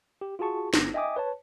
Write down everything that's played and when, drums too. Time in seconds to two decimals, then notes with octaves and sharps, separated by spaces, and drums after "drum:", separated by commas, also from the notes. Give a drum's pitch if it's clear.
0.21 G4
0.39 F4 F#4 G#4 A5 C#6
0.74 G1 B3 A#6, drum: snare
0.94 D#5 E5 G5 G#5 D6 D#6
1.16 B4 C#5 A5